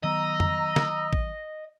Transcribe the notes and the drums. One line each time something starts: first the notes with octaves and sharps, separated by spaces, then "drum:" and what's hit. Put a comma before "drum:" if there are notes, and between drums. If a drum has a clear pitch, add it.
D#3 F#3 B3 D#5 A#5 E6
drum: tom F2
drum: snare
drum: kick